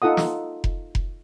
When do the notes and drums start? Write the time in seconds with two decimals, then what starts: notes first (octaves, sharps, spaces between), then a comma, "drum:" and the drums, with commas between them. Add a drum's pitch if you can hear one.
0.02 D#4 F4 A4 F#5 D#6
0.17 drum: snare
0.64 drum: kick F1
0.95 drum: kick F1